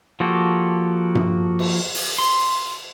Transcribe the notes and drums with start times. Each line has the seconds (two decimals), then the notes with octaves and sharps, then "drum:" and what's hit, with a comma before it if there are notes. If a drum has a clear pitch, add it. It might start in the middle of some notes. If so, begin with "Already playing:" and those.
0.20 F3 A#3 F#4 G4 A4
1.15 drum: tom G2
1.59 drum: cymbal
1.94 drum: open hi-hat
2.18 C6